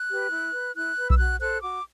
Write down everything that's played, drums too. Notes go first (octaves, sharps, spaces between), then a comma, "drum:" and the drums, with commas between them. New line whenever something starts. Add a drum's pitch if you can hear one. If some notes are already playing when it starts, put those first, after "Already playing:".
Already playing: F#6
G4 B4
E4
B4
E4 F#6
B4
E6, drum: kick B1
F#4 F#6
A4 C5 F#6
F#4 D6